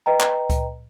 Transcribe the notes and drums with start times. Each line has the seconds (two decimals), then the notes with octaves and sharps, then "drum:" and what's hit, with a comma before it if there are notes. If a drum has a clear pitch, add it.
0.06 B4 D#5 G5 A#5
0.21 drum: clap
0.50 drum: kick C#2, hi-hat